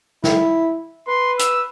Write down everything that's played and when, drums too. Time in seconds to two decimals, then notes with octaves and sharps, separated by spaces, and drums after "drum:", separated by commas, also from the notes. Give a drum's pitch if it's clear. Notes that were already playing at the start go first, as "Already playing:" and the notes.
0.24 E4, drum: snare
1.08 B4 C6
1.39 E6, drum: hi-hat